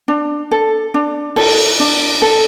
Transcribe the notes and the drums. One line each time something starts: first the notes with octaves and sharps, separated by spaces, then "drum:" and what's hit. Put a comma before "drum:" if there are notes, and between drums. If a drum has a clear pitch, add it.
D4
A4
D4
A4, drum: cymbal
D4
A4